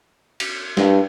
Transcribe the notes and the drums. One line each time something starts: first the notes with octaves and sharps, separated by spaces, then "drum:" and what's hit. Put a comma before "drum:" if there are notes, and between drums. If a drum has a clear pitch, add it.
drum: cymbal
G2, drum: snare